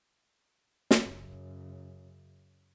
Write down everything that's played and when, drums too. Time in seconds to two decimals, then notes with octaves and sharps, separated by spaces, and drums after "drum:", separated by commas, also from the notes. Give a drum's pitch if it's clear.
0.91 drum: snare
1.00 F#2 C#3